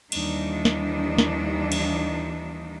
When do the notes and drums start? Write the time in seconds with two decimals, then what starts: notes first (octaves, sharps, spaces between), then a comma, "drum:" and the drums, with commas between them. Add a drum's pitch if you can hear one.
0.12 D#2 E3 G3 D4 D#4, drum: cymbal
0.65 drum: snare
1.18 drum: snare
1.72 drum: cymbal